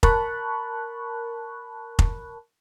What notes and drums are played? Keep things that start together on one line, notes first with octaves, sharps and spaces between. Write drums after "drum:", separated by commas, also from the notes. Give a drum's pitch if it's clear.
A#4 A5 B5 C#6 F#6, drum: kick F1
drum: kick F1